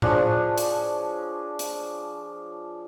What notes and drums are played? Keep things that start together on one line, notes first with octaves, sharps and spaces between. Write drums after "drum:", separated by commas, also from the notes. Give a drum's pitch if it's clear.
F3 D4 G#4 C#5, drum: tom A2
drum: hi-hat
drum: hi-hat